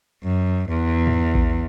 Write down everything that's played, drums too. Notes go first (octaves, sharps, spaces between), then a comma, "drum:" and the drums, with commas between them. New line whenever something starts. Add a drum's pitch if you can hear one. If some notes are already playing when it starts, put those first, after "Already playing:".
F#2
E2
drum: tom
drum: kick A#1